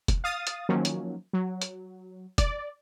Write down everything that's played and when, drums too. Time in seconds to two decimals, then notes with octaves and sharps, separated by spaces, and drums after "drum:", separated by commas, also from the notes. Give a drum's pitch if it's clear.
0.08 drum: kick, hi-hat
0.24 F5 D#6 A6
0.47 drum: hi-hat
0.69 D#3 F3 F#3 A#3 C#4
0.85 drum: hi-hat
1.33 F#3
1.62 drum: hi-hat
2.38 D5, drum: kick, hi-hat